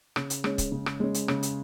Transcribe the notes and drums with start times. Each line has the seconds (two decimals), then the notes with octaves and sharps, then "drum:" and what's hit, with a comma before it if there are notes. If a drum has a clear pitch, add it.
0.16 C#3, drum: rim click
0.30 drum: hi-hat
0.44 G#3 C#4, drum: rim click
0.58 drum: kick C#1, hi-hat
0.72 C#3
0.86 drum: rim click
1.00 G#3 C#4
1.14 drum: hi-hat
1.28 C#3, drum: rim click
1.43 drum: hi-hat